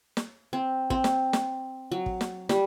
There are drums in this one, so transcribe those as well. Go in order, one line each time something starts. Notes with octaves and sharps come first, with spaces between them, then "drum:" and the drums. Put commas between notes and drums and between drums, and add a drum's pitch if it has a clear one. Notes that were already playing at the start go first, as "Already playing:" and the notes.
drum: snare
C4
C4, drum: kick
drum: snare
drum: snare
F#3
drum: kick
drum: snare
G3, drum: snare